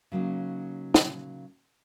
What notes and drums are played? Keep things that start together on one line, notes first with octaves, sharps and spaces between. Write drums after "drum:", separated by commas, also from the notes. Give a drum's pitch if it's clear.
C#3 F#3 A#3 D#4
drum: snare